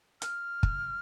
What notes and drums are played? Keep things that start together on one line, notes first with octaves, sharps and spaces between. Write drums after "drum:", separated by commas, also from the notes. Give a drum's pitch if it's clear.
F6, drum: hi-hat
drum: kick